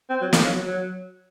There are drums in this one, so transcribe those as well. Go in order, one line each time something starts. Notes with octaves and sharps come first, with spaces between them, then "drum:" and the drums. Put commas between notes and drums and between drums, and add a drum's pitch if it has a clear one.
C4
F#3
A#3, drum: snare
F#3
F#3
F#3